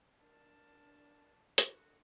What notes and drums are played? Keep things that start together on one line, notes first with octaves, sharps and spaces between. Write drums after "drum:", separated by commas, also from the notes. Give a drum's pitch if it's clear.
D4 A#4 A5
F#2 D3 F#4, drum: hi-hat